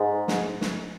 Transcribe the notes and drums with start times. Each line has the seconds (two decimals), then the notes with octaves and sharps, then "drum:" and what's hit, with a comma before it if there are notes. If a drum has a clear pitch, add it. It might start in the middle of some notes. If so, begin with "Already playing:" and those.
Already playing: G#2
0.28 drum: snare
0.61 drum: snare